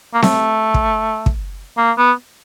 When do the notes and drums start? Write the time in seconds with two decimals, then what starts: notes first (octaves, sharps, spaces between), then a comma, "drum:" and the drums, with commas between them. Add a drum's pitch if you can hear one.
0.14 A#3
0.22 A3, drum: snare C4
0.74 drum: kick
1.26 drum: kick
1.78 A#3
1.98 B3